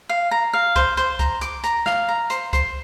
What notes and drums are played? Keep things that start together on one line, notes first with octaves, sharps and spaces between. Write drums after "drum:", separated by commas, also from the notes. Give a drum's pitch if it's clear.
F5
A#5
F5
C5, drum: kick C2, hi-hat
C5, drum: hi-hat
A#5, drum: kick C2, hi-hat
D6, drum: hi-hat
A#5, drum: hi-hat
F5, drum: snare
A#5
C5, drum: hi-hat
C5, drum: kick C2, hi-hat